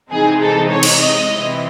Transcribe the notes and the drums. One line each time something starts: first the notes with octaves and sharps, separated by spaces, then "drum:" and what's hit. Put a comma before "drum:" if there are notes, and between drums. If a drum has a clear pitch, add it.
C3 E3 G#3 C4 D#4 G#4
A4
C#5
drum: cymbal
D#5
C3 E3 C4 E4